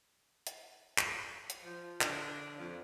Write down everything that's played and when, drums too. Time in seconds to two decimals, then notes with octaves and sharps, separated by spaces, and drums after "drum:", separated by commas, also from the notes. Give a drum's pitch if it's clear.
0.47 drum: hi-hat
0.98 drum: clap
1.50 drum: hi-hat
1.62 F3
2.01 D3 D4, drum: clap
2.58 F2 F3